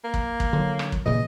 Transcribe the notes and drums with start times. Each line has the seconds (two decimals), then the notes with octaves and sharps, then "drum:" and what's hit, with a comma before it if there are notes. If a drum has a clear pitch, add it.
0.04 A#3
0.14 drum: kick
0.40 drum: kick
0.53 D3 F#3
0.79 drum: rim click
0.92 drum: kick
1.06 A#2 C#3 E3 D#5